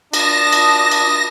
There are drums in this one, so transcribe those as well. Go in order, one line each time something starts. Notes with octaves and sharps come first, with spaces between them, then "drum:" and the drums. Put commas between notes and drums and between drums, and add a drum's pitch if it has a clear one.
D4 F4 A5 D#6 A#6, drum: cymbal
drum: cymbal
drum: cymbal